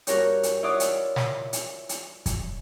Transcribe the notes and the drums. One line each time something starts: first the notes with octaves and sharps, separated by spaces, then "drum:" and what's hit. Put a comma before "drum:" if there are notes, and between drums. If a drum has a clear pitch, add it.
G2 F#4 A#4 C#5 G6, drum: hi-hat
drum: hi-hat
E4 F4 C#5 D5 F#5 D#6
drum: hi-hat
drum: snare
drum: hi-hat
drum: hi-hat
drum: kick, hi-hat